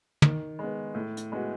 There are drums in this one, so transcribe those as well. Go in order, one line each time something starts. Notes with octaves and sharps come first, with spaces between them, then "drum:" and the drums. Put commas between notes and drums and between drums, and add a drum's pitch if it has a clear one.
D#3, drum: tom
G#3 B3
A2
drum: hi-hat
G#3 B3 F#4